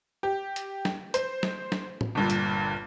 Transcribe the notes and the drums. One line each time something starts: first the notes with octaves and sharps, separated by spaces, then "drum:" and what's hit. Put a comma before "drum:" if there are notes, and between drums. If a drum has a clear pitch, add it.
G4
drum: hi-hat
drum: snare
C5, drum: hi-hat
drum: snare
drum: snare
drum: tom
G1 G2 A#2
drum: hi-hat